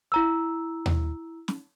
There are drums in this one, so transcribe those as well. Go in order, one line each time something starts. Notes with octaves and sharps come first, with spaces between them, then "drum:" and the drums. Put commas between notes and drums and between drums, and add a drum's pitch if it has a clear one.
E4 A#5 E6
drum: tom D#2
drum: snare